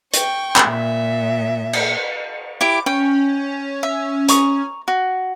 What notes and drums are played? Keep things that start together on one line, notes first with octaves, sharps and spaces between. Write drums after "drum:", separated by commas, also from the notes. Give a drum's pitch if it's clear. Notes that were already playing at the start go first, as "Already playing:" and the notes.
G5 C#6, drum: hi-hat
drum: clap
A#2 E5
drum: cymbal
E4 G4 D6
C#4 G5
E5
A#5 C#6 D#6, drum: hi-hat
F#4